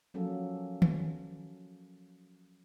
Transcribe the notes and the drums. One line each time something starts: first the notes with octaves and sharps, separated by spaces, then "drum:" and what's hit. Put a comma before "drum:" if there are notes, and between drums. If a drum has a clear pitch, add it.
F3 F#3 A#3 C#4 A4
drum: tom D#3